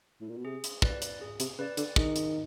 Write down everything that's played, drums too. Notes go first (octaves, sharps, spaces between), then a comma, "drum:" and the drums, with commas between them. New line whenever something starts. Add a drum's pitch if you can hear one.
A2
A#2
B2
C3 G#4
drum: hi-hat
B4 D5, drum: kick
drum: hi-hat
G#4
C3, drum: hi-hat
C#3 B4 D5
D3, drum: hi-hat
D#3 G#4, drum: kick
drum: hi-hat